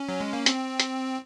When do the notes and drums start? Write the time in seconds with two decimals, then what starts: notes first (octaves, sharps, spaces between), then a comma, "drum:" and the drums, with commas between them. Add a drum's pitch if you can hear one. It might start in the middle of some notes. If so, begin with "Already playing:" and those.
Already playing: C#4
0.09 F#3
0.20 G#3
0.33 A#3
0.46 C4, drum: hi-hat
0.80 drum: hi-hat